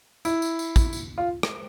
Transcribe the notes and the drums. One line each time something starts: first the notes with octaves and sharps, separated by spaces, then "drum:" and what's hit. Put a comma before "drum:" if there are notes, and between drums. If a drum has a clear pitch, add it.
E4, drum: tambourine
drum: tambourine
drum: tambourine
drum: kick, tambourine
drum: tambourine
F4
drum: rim click